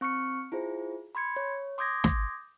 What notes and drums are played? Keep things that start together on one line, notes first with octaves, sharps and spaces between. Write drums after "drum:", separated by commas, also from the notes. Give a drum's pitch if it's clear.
C4 C#6 F6 C#7
E4 F4 G#4 C5
B5 C6 G#6 C#7
C#5
C6 D6 D#6 G6 G#6 A#6
drum: snare